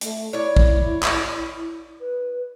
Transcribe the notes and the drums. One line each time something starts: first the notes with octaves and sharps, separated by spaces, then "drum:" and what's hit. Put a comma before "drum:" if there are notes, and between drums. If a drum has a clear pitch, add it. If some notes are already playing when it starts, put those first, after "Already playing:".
A3, drum: hi-hat
E4 C#5 D5
drum: kick
drum: clap
B4